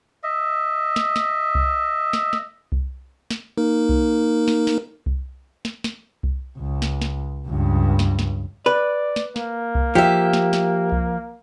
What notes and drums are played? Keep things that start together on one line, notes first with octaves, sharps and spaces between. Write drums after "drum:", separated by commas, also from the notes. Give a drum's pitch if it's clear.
D#5 E5
drum: snare
drum: snare
drum: kick C2
drum: snare
drum: snare
drum: kick C2
drum: snare
A#3 D#4 A#4
drum: kick C2
drum: snare
drum: snare
drum: kick C2
drum: snare
drum: snare
drum: kick C2
C#2
drum: snare
drum: snare
C#2 G2
drum: snare
drum: snare
B4 D5
drum: snare
A#3, drum: snare
drum: kick C2
F3 G4 E5
drum: snare
drum: snare
drum: kick C2